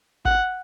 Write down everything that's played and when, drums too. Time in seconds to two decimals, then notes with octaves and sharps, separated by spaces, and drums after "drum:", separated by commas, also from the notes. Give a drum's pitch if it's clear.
0.25 F#5, drum: kick